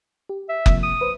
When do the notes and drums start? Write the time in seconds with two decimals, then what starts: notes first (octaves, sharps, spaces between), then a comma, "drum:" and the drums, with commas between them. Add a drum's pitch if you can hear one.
0.29 G4
0.49 E5
0.66 C3 F3 A#3, drum: kick F#1
0.83 D#6
1.01 B4 C5